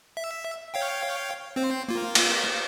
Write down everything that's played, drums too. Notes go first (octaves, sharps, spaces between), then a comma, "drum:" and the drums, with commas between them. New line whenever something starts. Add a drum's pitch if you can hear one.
E5
C#5 F5 G5
C4 C5
A#3 F4
drum: cymbal